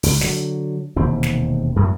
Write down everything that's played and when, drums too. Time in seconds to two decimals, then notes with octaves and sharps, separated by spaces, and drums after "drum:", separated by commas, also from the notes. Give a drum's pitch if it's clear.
0.03 C#2, drum: open hi-hat
0.21 D3 F#3, drum: snare
0.96 E1 D#2 C3 C4
1.23 drum: snare
1.76 F#2 A2 F#3